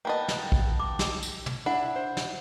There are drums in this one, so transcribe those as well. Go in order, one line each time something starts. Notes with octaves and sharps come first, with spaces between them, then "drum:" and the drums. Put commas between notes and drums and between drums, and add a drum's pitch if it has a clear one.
A#3 B3 D#5 G5 A5
drum: snare
drum: kick A#1
D6
drum: snare
drum: tambourine
drum: tom
D4 E4 F#5
C5
drum: snare